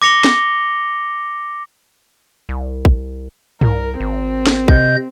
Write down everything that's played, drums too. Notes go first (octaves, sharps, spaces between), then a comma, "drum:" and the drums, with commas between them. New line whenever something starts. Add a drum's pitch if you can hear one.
D6 A#6 C#7 F7 G7
drum: snare
C2
drum: kick
C2 A#4, drum: tom
G#1 C4
drum: snare
C3 D#5 G6, drum: kick